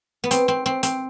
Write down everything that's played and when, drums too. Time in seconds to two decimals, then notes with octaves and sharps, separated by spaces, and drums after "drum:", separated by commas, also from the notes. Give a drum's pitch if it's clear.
0.24 B3
0.31 C4, drum: hi-hat
0.48 C4
0.66 C4
0.83 C4, drum: hi-hat